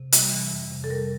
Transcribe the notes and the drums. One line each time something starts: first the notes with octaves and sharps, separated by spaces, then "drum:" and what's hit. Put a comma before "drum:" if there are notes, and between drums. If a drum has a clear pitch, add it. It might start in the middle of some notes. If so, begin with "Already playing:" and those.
Already playing: C3
G3, drum: hi-hat
E3
F2
C3
A4
G3 A#4